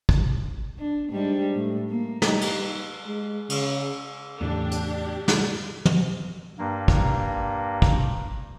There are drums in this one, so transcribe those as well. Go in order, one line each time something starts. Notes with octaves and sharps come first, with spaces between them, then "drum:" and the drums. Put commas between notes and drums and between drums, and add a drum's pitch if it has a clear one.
drum: kick
D4
G#2 G3 D4
A2
A#3
G3 D#4 G4, drum: snare
drum: cymbal
G#3
C#3, drum: cymbal
E2 A2 C#3 D4 G4
drum: hi-hat
drum: snare
drum: tom
G2 A#3
drum: kick
drum: kick